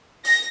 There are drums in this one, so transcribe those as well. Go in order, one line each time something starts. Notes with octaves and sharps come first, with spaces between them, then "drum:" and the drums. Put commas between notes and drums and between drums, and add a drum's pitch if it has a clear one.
A#6, drum: open hi-hat